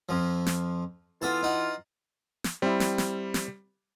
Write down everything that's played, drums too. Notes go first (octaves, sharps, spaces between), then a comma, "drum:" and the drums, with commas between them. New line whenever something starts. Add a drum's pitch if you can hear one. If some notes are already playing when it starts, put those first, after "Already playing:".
F2 F3
drum: snare
E3 B3 F4 A4 A5
D#4 F#5
drum: snare
G3 C4 E4
drum: snare
drum: snare
drum: snare